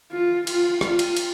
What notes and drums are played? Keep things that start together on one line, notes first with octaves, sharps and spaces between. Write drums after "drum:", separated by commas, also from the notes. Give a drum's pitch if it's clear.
F4
F4, drum: cymbal
F4, drum: rim click
drum: cymbal
drum: cymbal